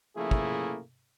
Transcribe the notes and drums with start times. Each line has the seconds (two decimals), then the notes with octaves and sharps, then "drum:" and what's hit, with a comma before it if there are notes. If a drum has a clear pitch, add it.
0.17 C#3 F3 A3 A#3 E4 G#4
0.31 drum: kick